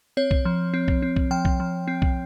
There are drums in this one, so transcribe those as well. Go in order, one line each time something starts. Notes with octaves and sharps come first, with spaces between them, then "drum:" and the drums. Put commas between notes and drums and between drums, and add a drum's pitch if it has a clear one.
C4 C#5
drum: kick B1
F3
C4
drum: kick B1
C4
drum: kick B1
F3 G5
drum: kick B1
F3
C4
drum: kick B1